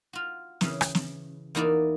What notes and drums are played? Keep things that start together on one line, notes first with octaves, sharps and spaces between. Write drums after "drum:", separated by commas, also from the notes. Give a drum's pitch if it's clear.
F4 F#4
C#3 E3, drum: snare
drum: rim click
drum: snare
E2 A#3 D#4 E4 F#4 D5